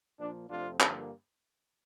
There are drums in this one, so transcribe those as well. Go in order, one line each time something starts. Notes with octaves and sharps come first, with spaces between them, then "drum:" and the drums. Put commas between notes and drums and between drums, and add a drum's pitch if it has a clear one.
A#2 F3 A#3 D4
F2 C3 F3 A3 C4 D4 F4
G2 D3 F3 A#3, drum: clap